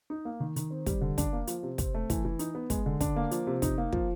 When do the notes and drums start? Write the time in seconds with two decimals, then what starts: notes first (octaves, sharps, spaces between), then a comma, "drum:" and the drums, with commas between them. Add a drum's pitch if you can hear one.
0.10 D#4
0.25 A#3
0.40 D#3
0.56 D#3, drum: hi-hat
0.71 C4
0.86 G3, drum: kick, hi-hat
1.01 D3
1.18 D4, drum: kick, hi-hat
1.33 A#3
1.47 F3, drum: hi-hat
1.63 C3
1.78 C4, drum: kick, hi-hat
1.94 A3
2.10 E3, drum: kick, hi-hat
2.25 E3
2.39 D#4, drum: hi-hat
2.55 B3
2.70 G#3, drum: kick, hi-hat
2.86 D3
3.01 D4, drum: kick, hi-hat
3.16 A#3
3.31 F3, drum: hi-hat
3.47 C3
3.62 D#4, drum: kick, hi-hat
3.78 A#3
3.93 F3, drum: kick